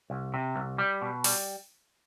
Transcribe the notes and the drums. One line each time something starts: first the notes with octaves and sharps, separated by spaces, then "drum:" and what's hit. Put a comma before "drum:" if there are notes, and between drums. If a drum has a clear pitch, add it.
C2
C3
C2
G3
B2
G3, drum: open hi-hat